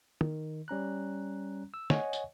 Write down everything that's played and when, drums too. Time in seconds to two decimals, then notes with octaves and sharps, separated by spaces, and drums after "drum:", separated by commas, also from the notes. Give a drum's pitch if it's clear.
0.21 D#3, drum: tom
0.68 G3 C#4 A#5 F#6
1.74 E6
1.90 C#5 D#5 F#5 G#5 C#6, drum: snare
2.13 drum: tambourine